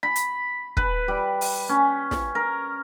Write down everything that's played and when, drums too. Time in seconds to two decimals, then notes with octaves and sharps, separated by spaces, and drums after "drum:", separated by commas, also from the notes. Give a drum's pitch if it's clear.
0.03 B5
0.16 drum: hi-hat
0.77 B4, drum: kick
1.08 G3
1.41 drum: open hi-hat
1.69 C#4
2.11 drum: snare
2.35 A#4